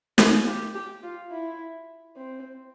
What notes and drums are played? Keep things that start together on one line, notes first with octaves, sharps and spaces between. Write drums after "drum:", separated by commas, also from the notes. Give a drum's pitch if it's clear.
F4, drum: snare
G4
G4
F4
E4
C4